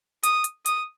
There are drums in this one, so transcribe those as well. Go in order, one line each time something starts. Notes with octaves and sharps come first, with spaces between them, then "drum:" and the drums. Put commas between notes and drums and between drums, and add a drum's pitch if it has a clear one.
D#6, drum: hi-hat
drum: hi-hat
D#6, drum: hi-hat